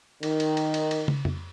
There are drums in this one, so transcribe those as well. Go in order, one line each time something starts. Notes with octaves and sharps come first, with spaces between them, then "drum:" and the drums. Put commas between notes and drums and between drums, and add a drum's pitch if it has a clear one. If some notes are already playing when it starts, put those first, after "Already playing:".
D#3, drum: cymbal
drum: cymbal
drum: cymbal
drum: cymbal
drum: cymbal
drum: tom
drum: tom F2